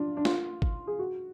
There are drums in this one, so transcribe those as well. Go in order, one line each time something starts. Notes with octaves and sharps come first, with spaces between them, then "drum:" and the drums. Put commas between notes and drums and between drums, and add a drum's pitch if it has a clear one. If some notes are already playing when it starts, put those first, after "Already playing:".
Already playing: D4 F4
D4
F4, drum: snare
drum: kick
G#4
F#4